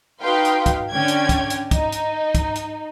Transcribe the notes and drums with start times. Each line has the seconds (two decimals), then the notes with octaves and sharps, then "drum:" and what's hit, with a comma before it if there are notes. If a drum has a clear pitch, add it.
0.21 D#4 F#4 B4 F5 G5 C6
0.45 drum: hi-hat
0.66 drum: kick, hi-hat
0.91 D3 C#4 D5 G5 G#6
1.08 drum: hi-hat
1.29 drum: kick, hi-hat
1.50 drum: hi-hat
1.71 D#4, drum: kick, hi-hat
1.92 drum: hi-hat
2.35 drum: kick, hi-hat
2.56 drum: hi-hat